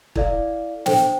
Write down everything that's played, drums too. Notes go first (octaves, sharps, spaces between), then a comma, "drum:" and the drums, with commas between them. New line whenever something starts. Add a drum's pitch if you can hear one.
E4 A4 D5 F5, drum: kick
D4 A4 C5 G5, drum: snare